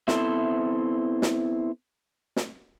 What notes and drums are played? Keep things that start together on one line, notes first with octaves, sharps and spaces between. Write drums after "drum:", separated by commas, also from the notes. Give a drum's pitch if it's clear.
B3 C4 E4 A4 C5 E5, drum: snare
drum: snare
drum: snare